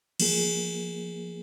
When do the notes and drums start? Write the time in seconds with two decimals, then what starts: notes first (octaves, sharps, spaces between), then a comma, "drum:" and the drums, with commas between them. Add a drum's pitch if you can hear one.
0.20 F3 A#3 G#4, drum: cymbal